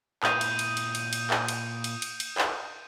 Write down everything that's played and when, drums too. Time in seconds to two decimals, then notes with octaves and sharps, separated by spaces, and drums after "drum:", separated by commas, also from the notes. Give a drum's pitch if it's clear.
0.23 A#2 E4 D#6 G6 D#7, drum: clap
0.41 drum: cymbal
0.59 drum: cymbal
0.77 drum: cymbal
0.95 drum: cymbal
1.13 drum: cymbal
1.31 drum: clap
1.48 drum: cymbal
1.84 drum: cymbal
2.02 drum: cymbal
2.20 drum: cymbal
2.38 drum: clap